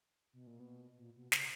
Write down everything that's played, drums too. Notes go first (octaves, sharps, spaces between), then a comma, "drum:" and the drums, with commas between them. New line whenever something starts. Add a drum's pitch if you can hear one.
B2
A#2
B2
A#2
B2
C#3, drum: snare